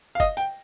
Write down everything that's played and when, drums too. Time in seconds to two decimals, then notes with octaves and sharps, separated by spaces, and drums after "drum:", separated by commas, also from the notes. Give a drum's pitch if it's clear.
0.15 F5
0.20 D#5, drum: kick F#1, hi-hat
0.37 G5, drum: hi-hat